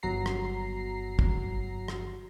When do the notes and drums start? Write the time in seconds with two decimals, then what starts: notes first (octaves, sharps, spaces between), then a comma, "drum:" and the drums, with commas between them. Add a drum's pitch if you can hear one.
0.03 G1 F#3 A#5 C7
0.26 drum: rim click
1.19 drum: kick
1.88 drum: rim click